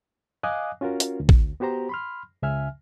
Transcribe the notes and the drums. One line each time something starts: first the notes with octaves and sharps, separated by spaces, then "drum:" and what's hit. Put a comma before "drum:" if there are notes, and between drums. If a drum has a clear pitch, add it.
D#5 F5 G#5 D6 D#6 F#6
C#4 F4 F#4 A#4
drum: hi-hat
D2
drum: kick A1
B3 F#4 G4 C5 A#5
B5 C6 F6
C#2 C#3 E5 G#5 F6